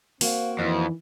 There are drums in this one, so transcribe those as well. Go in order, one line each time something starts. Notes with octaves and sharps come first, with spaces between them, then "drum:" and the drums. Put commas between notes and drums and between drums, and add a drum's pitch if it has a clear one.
A#3 C4 F#4 F5, drum: open hi-hat
F2 D#3 E3